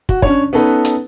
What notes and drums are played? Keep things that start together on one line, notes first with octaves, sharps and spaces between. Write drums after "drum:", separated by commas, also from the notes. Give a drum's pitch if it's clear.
F#4, drum: kick
C#4 D4 C#5, drum: kick
B3 C#4 D#4 A4 B4
drum: hi-hat